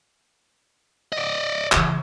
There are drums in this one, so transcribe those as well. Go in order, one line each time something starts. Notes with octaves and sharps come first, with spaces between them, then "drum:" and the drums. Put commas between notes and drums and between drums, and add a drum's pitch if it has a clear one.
D5 D#5
C#3 E3, drum: clap